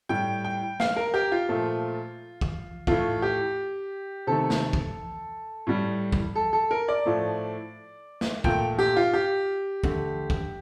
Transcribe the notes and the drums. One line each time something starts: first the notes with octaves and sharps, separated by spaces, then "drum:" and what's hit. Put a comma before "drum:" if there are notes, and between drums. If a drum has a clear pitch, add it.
A2 G3 G5
G5
F5, drum: snare
A#4
G4
F4
A#2 F3 A3
drum: kick
A2 A3 F4, drum: kick
G4
C3 D#3 A3 A4
drum: snare
drum: kick
A2 G3
drum: kick
A4
A4
A#4
D5
A2 F3 A3
drum: snare
A#2 A3 G5, drum: kick
G4
F4
G4
D3 A3, drum: kick
drum: kick